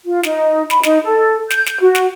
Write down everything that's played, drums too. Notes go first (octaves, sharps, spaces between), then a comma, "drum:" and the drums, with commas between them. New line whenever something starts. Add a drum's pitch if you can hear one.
F4
D#4, drum: snare
B5, drum: snare
D#4, drum: snare
A4
G6, drum: snare
drum: snare
F#4
drum: snare